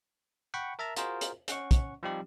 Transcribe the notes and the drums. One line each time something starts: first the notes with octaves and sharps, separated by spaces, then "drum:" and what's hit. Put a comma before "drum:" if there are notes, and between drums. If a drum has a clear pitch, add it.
F#5 G5 B5 C#6
A#4 E5 A5 A#5
F4 F#4 G#4 A#4 C5, drum: hi-hat
drum: hi-hat
C#4 F#5 C#6, drum: hi-hat
drum: kick, hi-hat
F3 G3 C4 D#4 G4